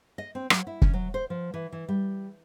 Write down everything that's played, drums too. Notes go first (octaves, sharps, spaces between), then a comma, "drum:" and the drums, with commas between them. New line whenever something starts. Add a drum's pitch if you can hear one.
D#5
C4
F#3, drum: rim click
E4
C#4, drum: kick
F#3
C5
F3
E3
E3
G3